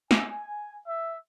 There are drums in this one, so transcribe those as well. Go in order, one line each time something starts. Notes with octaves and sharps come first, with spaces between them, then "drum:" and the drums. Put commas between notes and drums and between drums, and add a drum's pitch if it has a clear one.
G#5, drum: snare
E5